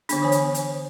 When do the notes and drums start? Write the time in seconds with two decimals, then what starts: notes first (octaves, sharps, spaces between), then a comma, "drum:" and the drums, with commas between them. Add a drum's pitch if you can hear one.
0.09 D3 B3 D4, drum: hi-hat
0.22 E3 C5 C#5 G#5
0.32 drum: hi-hat
0.55 drum: hi-hat